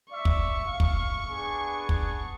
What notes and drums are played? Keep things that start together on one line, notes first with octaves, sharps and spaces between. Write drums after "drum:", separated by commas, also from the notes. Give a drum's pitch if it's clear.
D5 E5 C#6
drum: kick
F5
drum: kick
B3 D4 G#4
drum: kick